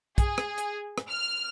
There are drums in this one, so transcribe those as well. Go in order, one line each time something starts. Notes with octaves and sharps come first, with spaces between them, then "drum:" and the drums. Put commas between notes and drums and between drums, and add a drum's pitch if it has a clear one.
G#4, drum: kick, hi-hat
drum: rim click
drum: hi-hat
drum: rim click
F6